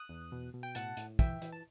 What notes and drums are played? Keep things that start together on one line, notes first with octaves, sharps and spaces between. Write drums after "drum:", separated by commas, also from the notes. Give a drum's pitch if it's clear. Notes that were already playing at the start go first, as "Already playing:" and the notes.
Already playing: D#6 F#6
E2
B2
B2
G5
A2 F#5 A5, drum: hi-hat
A2, drum: hi-hat
E3 E5 G5, drum: kick, hi-hat
E3, drum: hi-hat
A5